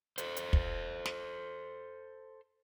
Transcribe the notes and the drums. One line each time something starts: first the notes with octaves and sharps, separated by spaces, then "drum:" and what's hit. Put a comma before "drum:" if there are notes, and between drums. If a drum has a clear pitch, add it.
A4 C5, drum: hi-hat
drum: hi-hat
drum: kick
drum: snare